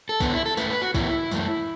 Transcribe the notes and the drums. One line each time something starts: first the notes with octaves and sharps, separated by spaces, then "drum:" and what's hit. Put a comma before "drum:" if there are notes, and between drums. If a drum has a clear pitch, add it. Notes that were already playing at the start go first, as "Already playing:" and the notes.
A4
E2 D3 B3 B4, drum: kick, tambourine
E4
A4
A2 A3 B4, drum: tambourine
B4
F#4
A2 E3 B3 E4, drum: kick, tambourine
F#2 E3 A3, drum: tambourine